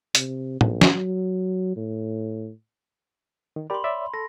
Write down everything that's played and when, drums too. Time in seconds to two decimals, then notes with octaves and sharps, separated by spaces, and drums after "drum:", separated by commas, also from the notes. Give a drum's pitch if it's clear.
0.15 C3, drum: hi-hat
0.61 A#1, drum: tom
0.81 drum: snare
0.95 F#3
1.76 A2
3.56 D#3
3.70 G4 A#4 D5 B5 C6
3.84 C#5 D5 E5
4.14 A4 A#6